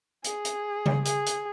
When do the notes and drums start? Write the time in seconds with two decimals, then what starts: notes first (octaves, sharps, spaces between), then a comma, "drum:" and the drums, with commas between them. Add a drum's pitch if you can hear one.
0.24 G#4, drum: hi-hat
0.45 drum: hi-hat
0.86 drum: tom C#3
1.05 G#4, drum: hi-hat
1.26 drum: hi-hat